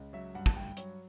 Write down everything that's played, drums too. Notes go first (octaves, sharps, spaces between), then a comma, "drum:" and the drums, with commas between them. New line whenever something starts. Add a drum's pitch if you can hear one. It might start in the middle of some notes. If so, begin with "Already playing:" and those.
Already playing: C#2
F#3 E5
G2 F#5
A5, drum: kick
G2 G5
F#3 C#5, drum: hi-hat